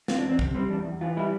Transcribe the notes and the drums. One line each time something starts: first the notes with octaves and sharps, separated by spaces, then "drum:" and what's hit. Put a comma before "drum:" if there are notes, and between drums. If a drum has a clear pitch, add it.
C4 F4, drum: snare
D4
E2
C4
C3, drum: kick
G3 C4
E2 D4
E2
E3 F4
G3 E4